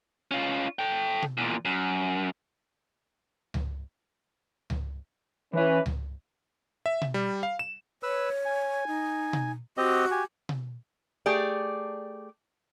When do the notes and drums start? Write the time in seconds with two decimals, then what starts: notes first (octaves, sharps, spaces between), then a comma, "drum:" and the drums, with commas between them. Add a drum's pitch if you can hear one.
0.31 C#4 F4
0.79 A4 G5
1.22 drum: tom B2
1.38 E2 A#2
1.65 F#2
3.54 drum: tom C#2
4.70 drum: tom C#2
5.53 E3 C#4 E4 B4 E5
5.86 drum: tom C#2
6.86 E5
7.02 drum: tom B2
7.14 G3
7.43 F5
7.59 E7
8.03 B4 C#5 E6
8.45 G#5
8.87 D#4
9.33 drum: tom B2
9.77 C4 F#4 G4 D#5
10.11 G4 G#5
10.49 drum: tom B2
11.26 A3 G4 G#4 D5